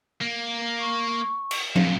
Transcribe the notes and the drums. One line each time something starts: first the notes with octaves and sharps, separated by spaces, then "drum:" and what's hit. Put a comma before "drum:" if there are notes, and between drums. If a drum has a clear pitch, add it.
A#3
C#6
drum: cymbal
F#2 A#2 F5, drum: tom F3